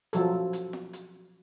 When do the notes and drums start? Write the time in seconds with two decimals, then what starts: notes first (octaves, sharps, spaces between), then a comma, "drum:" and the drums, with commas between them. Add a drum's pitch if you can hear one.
0.13 F3 F#3 A4, drum: hi-hat
0.53 drum: hi-hat
0.73 drum: snare
0.93 drum: hi-hat